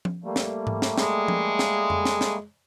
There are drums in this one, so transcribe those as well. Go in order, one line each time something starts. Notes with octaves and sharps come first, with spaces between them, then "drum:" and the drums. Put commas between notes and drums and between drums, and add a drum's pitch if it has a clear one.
drum: tom F3
G3 A3 A#3
drum: snare
drum: tom G#2
drum: snare
G#3, drum: snare
drum: tom F3
drum: snare
drum: tom F2
drum: snare
drum: snare